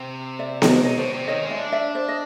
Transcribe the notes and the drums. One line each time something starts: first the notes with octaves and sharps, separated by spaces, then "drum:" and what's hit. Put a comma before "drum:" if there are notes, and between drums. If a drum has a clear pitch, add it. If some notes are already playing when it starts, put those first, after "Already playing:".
Already playing: C3
D5 E5
C#5 D#5, drum: snare B3
B2 C#5 D#5
B2 C5 D5
C3
D#3 C#5 D#5
G#3
D5 E5
D4
D5 E5
C5 D5
D#5